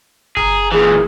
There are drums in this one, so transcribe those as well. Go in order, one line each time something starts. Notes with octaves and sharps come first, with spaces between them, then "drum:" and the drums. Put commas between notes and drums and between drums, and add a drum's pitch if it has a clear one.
G#4 A#5, drum: kick F#1
A#2 E3 G#4